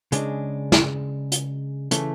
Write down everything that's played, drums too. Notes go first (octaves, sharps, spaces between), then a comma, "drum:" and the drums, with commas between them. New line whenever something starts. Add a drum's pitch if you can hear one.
C#3 G#3 D4, drum: hi-hat
drum: snare
drum: hi-hat
C#3 E3 A3, drum: hi-hat